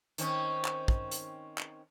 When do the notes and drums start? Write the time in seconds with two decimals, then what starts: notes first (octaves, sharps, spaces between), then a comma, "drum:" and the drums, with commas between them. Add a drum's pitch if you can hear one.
0.18 D#3 C4 C#4, drum: hi-hat
0.65 drum: clap
0.88 drum: kick
1.12 drum: hi-hat
1.58 drum: clap